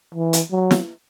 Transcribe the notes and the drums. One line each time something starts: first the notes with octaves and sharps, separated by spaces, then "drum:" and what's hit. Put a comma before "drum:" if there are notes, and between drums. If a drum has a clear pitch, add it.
E3
drum: hi-hat
F#3
drum: snare